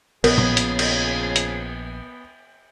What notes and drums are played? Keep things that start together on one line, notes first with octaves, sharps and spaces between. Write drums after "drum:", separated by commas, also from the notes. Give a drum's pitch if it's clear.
A#1 C#3 F3 B3 G#4 A#4, drum: cymbal
drum: tom A#2
drum: hi-hat
drum: cymbal
drum: hi-hat